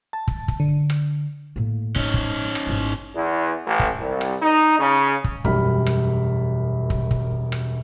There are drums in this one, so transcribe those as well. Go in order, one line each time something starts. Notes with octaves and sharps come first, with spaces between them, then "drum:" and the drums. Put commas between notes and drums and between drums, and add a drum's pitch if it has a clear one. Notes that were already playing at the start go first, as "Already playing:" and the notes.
A5
drum: kick
drum: kick
D3
drum: rim click
A2 A#3
C#4 D#4, drum: kick
drum: kick
drum: rim click
G#1 E4
E2
A1
drum: kick
C2
drum: rim click
D#4
C#3
drum: kick
E1 F#2 G3 B5 F6, drum: kick
drum: rim click
drum: kick
drum: kick
drum: rim click